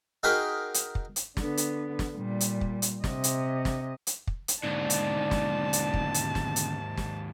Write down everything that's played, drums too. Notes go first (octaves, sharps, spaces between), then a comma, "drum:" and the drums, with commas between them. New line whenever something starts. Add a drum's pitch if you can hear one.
D#4 F#4 G#4 A#4 G5 B5
drum: hi-hat
drum: kick
drum: hi-hat
D3 B3, drum: snare
drum: hi-hat
drum: snare
A#2 G3
drum: hi-hat
drum: kick
drum: hi-hat
C3 D#5, drum: snare
drum: hi-hat
drum: snare
drum: hi-hat
drum: kick
drum: hi-hat
D#2 G#2 B2 D3 D5 A5
drum: hi-hat
drum: snare
drum: hi-hat
drum: kick
drum: hi-hat
drum: snare
drum: hi-hat
drum: snare